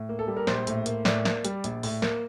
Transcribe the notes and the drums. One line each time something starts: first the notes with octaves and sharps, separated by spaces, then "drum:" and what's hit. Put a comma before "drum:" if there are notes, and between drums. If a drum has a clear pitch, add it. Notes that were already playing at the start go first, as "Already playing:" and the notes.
Already playing: A2
A#3
A4
G3
A#4
A#1 C5, drum: snare
A2, drum: hi-hat
A#3, drum: hi-hat
A2 D5, drum: snare
A#3, drum: snare
G3, drum: hi-hat
A#1, drum: hi-hat
A2, drum: open hi-hat
A#3, drum: snare